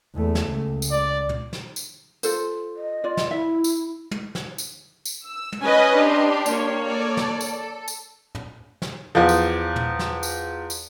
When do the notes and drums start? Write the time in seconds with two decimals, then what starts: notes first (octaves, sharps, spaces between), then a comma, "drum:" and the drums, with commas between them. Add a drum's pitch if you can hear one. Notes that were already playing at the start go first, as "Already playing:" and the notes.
0.15 E2 A3
0.35 drum: snare
0.48 C#2
0.82 drum: tambourine
0.92 D5
1.29 drum: tom
1.53 drum: snare
1.76 drum: tambourine
2.23 F4 A4 C5, drum: tambourine
2.76 D#5
3.04 F4 D5
3.17 drum: snare
3.31 E4 E5
3.64 drum: tambourine
4.11 drum: tom
4.35 drum: snare
4.58 drum: tambourine
5.05 drum: tambourine
5.25 E6
5.52 drum: tom
5.62 C#4 B4 D#5 G#5 B5
5.93 D4 G4 C6
6.46 A#3 C#5, drum: tambourine
6.85 A4 D5
7.17 drum: snare
7.41 drum: tambourine
7.57 A4
7.88 drum: tambourine
8.35 drum: tom
8.82 drum: snare
9.15 E2 F3
9.29 drum: tambourine
9.76 drum: tom
9.99 drum: snare
10.23 drum: tambourine
10.70 drum: tambourine